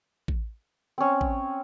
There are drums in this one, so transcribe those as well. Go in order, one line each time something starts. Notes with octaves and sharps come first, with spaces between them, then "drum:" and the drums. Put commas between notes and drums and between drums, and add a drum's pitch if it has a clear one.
drum: kick A1
C4 C#4
drum: kick A1